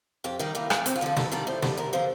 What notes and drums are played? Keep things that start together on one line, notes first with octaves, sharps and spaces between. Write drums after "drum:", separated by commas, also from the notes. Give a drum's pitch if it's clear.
F2 G4
D#3 G3 D#4
A2 A#3
F3 C4, drum: rim click
D2 C4, drum: hi-hat
F4
D3 F3 A4
D#2 A4, drum: snare
D#3 G3 A4
A2 C5
G3 A4, drum: snare
D2 A#4
D3 F3 C5